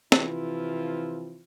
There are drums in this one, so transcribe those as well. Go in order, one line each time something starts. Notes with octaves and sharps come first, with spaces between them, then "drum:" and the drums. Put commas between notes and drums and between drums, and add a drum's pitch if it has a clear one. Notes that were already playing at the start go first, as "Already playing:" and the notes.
C3 E3 F3 C4 E4 F4, drum: snare